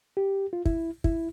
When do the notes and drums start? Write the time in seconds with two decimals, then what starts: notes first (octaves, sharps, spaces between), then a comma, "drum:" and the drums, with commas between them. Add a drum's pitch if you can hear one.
0.17 G4
0.53 F4
0.65 E4, drum: kick
1.04 E4, drum: kick